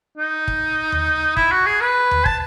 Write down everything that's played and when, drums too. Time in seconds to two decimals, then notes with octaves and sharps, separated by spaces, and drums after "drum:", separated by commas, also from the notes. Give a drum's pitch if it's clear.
0.18 D#4
0.48 drum: kick
0.92 drum: tom D#2
1.37 E4, drum: kick
1.52 F#4
1.66 G#4
1.81 B4
2.11 drum: tom D#2
2.26 A5, drum: kick